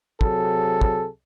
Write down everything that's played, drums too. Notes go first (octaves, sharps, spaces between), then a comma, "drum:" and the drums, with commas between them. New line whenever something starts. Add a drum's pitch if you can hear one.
C3 F#3 G#4 A4, drum: kick
drum: kick